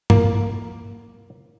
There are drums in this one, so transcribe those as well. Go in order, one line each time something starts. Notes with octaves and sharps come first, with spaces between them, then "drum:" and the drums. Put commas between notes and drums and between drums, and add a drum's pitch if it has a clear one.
A#3, drum: tom